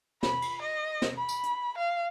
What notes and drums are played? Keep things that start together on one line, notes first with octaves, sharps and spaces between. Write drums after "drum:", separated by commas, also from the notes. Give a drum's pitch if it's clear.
B5, drum: snare
drum: cymbal
D#5
drum: snare
B5
drum: tambourine
drum: hi-hat
F5